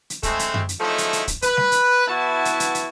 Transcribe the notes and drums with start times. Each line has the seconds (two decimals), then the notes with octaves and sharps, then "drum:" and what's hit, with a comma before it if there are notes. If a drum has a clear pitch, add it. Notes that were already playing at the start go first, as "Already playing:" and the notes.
0.10 drum: hi-hat
0.23 G#3 A3 C4, drum: kick, hi-hat
0.39 drum: hi-hat
0.54 drum: tom F#2
0.69 drum: hi-hat
0.80 F3 F#3 G#3 A3 D#4 E4
0.98 drum: hi-hat
1.13 drum: hi-hat
1.28 drum: kick, hi-hat
1.42 B4, drum: hi-hat
1.57 drum: snare G3
1.72 drum: hi-hat
2.07 E3 B3 E4 F#4 A5
2.45 drum: hi-hat
2.60 drum: hi-hat
2.75 drum: hi-hat